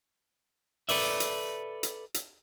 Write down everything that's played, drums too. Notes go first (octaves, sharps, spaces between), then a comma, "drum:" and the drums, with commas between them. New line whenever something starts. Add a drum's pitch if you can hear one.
A4 B4 D5 E5, drum: open hi-hat
drum: hi-hat
drum: hi-hat
drum: hi-hat